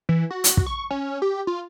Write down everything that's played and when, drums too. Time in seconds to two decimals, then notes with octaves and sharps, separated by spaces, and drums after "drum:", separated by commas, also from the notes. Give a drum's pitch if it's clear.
0.09 E3
0.31 F#4
0.44 drum: hi-hat
0.57 drum: kick
0.67 C#6
0.91 C#4
1.22 G4
1.47 F4